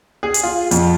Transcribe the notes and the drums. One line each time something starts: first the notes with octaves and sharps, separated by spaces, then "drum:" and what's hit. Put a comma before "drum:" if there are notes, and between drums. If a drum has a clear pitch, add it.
G#4
drum: hi-hat
F4
F2, drum: hi-hat